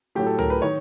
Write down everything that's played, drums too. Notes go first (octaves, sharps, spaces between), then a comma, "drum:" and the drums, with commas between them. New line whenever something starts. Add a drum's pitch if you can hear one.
A2 F#3 A3 G4
A4
A#4, drum: tom
B4
D#3 C#5